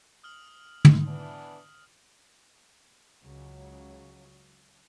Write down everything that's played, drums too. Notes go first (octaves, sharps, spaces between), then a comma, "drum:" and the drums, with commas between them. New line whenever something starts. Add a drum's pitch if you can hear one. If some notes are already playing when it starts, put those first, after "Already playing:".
D#6 F6 F#7
drum: tom
E3 B3 D4
C#2 C#3 F#3